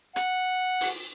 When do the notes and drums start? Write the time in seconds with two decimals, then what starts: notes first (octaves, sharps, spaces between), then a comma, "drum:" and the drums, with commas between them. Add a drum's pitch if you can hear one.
0.16 F#5, drum: hi-hat
0.81 drum: open hi-hat